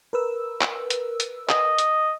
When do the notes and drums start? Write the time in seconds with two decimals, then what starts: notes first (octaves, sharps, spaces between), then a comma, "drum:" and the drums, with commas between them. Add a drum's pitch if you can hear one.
0.13 A#4 B4 E6
0.61 drum: clap
0.90 drum: hi-hat
1.20 drum: hi-hat
1.49 D#5, drum: clap
1.78 drum: hi-hat